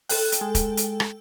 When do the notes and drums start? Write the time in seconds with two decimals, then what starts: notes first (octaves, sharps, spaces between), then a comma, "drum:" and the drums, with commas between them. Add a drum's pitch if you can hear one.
0.09 A4 G5 F#6, drum: open hi-hat
0.32 drum: hi-hat
0.41 G#3
0.55 drum: kick, hi-hat
0.77 drum: hi-hat
1.00 drum: rim click